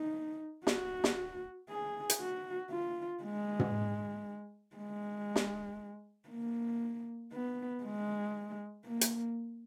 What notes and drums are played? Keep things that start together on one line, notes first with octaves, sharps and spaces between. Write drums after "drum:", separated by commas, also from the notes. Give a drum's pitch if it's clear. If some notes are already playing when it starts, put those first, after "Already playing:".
Already playing: D#4
F#4, drum: snare
drum: snare
G#4
drum: hi-hat
F#4
F4
G#3
drum: tom
G#3
drum: snare
A#3
B3
G#3
A#3
drum: hi-hat